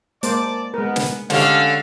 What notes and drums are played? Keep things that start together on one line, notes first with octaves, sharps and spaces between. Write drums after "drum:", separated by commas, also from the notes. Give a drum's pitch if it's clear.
G#3 A#3 C5 D5 A5 D6, drum: hi-hat
G#3 B3 A#4
drum: snare
D3 G#3 A3 C#4 G4 F5, drum: snare